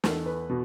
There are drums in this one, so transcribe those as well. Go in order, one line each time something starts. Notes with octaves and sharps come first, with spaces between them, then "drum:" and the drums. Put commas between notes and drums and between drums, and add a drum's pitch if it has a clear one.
E2 A4, drum: snare
B4
B2